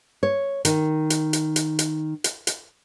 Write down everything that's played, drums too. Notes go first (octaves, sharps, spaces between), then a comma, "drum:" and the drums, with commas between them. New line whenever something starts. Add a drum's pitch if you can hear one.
C#5
D#3, drum: hi-hat
drum: hi-hat
drum: hi-hat
drum: hi-hat
drum: hi-hat
drum: hi-hat
drum: hi-hat